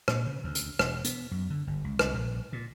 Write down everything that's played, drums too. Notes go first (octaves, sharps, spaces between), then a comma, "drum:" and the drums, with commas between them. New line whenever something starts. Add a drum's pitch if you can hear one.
A#2, drum: rim click
C#3
D2
drum: hi-hat
E1, drum: rim click
B3, drum: hi-hat
F#2
D3
G1
C#2
C2, drum: rim click
A#1
A#2